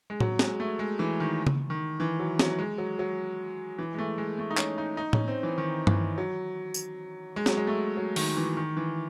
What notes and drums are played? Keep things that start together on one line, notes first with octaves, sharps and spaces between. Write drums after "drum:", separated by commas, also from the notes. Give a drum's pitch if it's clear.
G#3
F#3, drum: tom A2
G#3, drum: snare
A3
G#3
E3
D#3
drum: tom C#3
D#3
E3
F#3
F#3, drum: snare
G#3
F#3
F#3
E3
G#3
A3
G#3
A3
D#4
C#4, drum: clap
D#4
D#4
C#4, drum: tom A2
C4
E3
D#3
E3, drum: tom G2
F#3
drum: tambourine
G#3
F#3, drum: snare
G#3
A3
F#3
D#3, drum: open hi-hat
E3
D#3
E3